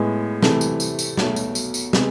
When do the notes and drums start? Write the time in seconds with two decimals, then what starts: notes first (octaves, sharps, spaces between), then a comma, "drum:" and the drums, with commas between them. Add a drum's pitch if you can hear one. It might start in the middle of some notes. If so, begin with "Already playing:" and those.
Already playing: A2 G#3 B3
0.42 C3 E3 A3, drum: snare
0.61 drum: tambourine
0.80 drum: tambourine
0.99 drum: tambourine
1.17 B1 B2 A3, drum: snare
1.36 drum: tambourine
1.55 drum: tambourine
1.74 drum: tambourine
1.93 C3 G#3 B3, drum: snare